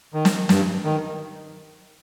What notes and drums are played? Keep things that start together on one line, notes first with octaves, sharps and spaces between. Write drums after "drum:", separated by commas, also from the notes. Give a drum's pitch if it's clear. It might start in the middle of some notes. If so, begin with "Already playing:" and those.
D#3
drum: snare
G2, drum: snare
D#3